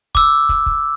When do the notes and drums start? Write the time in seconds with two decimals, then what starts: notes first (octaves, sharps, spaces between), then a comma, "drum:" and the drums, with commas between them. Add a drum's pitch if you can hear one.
0.15 D6 E6, drum: kick, hi-hat
0.49 drum: kick, hi-hat
0.66 drum: kick